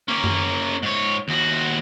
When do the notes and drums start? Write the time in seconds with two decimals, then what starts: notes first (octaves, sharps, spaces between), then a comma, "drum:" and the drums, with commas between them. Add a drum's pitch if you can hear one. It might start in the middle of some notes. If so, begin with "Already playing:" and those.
0.08 A#3 C#4
0.24 drum: tom
0.82 G#2 C#5
1.28 D#2 F#4